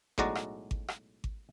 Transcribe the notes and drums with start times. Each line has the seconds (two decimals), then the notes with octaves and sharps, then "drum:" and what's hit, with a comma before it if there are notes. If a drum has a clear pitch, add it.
0.18 B1 A2 G#3 F#4 D5 A#5, drum: kick G#1
0.35 drum: rim click
0.71 drum: kick G#1
0.88 drum: rim click
1.24 drum: kick G#1